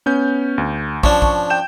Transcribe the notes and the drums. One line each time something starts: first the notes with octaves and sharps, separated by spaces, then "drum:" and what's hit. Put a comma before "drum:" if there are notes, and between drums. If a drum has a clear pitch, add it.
B3 C#4 G6
D2
F3 C#4 D4 C#6, drum: kick
drum: kick
G5 G6 E7